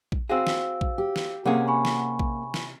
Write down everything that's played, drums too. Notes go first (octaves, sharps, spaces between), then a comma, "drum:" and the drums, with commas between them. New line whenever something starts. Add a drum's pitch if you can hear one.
drum: kick A#1
C4 F#4 G#4 F5 E6
drum: snare
drum: kick A#1
G4
drum: snare
C3 A#3 C#4 G#4 F#5
G#5 B5 C#6
drum: snare
drum: kick A#1
drum: snare